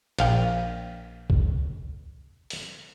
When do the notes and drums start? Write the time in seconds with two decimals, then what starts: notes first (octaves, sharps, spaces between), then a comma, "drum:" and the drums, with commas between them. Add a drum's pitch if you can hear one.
0.19 A#1 F5 G5, drum: cymbal
1.30 drum: kick C2
2.50 drum: open hi-hat